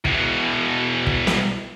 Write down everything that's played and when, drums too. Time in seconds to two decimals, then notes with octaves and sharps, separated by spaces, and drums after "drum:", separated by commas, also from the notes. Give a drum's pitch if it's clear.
0.05 E2 B2, drum: kick
1.07 drum: kick
1.27 drum: snare